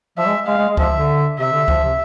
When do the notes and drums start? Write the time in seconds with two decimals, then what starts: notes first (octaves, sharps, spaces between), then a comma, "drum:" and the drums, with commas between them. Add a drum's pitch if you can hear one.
0.18 F3 E5
0.27 G#3
0.47 G#3 F5
0.58 G#3
0.68 G#3
0.77 F3 E5, drum: kick C#2
0.93 D3
1.38 C3 E5
1.53 D3
1.68 F3, drum: kick C#2
1.83 C3